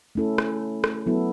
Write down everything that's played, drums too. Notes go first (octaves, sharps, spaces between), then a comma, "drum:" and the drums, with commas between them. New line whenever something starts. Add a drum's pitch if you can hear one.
A3 C#4 E4 A4
drum: rim click
drum: rim click
F#3 B3 E4 A4